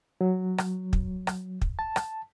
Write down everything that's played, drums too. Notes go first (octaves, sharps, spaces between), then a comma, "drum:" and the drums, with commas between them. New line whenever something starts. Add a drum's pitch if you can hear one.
F#3
drum: rim click
drum: kick
drum: rim click
drum: kick
A5
drum: rim click